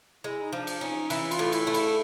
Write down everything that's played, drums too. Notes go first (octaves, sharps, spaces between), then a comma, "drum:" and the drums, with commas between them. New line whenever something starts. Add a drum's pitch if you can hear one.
G#3 E4
D#4
F3 D4
drum: cymbal
C#4 D#4
E3 E4, drum: cymbal
F4, drum: cymbal
A2
E4, drum: cymbal
A3
E4, drum: cymbal